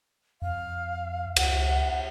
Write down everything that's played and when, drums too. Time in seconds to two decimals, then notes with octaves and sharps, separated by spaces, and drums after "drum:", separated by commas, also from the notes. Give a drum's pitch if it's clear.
0.42 F2 F5
1.37 C#2 F#5, drum: cymbal